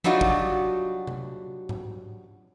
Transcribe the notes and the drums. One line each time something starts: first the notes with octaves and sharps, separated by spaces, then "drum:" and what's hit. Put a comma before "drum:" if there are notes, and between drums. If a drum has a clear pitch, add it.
F#3 G3 D4 D#4 F4 F#4, drum: tom F3
drum: kick
drum: tom C3
drum: tom G#2